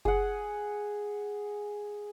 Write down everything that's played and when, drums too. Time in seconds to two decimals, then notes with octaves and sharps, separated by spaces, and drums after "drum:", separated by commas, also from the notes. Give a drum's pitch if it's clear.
0.05 G#4 F#5, drum: kick F#1